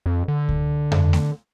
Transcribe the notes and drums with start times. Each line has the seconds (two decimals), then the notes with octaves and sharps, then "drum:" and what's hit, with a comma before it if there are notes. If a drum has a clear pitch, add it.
0.06 F2
0.28 D3
0.49 drum: kick C#2
0.92 drum: tom F2
1.13 drum: snare A3